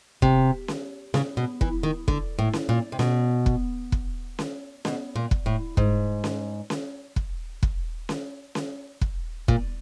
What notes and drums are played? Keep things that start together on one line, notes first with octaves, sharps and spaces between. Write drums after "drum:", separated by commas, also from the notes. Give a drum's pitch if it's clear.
C3, drum: kick
drum: snare C#4
C#3, drum: snare C#4
B2
E3, drum: kick
D#3
D3, drum: kick
A2
drum: snare C#4
A#2
C3
B2, drum: snare C#4
drum: kick
drum: kick
drum: snare C#4
B2, drum: snare C#4
A#2
drum: kick
A2
G#2, drum: kick
drum: snare C#4
drum: snare C#4
drum: kick
drum: kick
drum: snare C#4
drum: snare C#4
drum: kick
A#2, drum: kick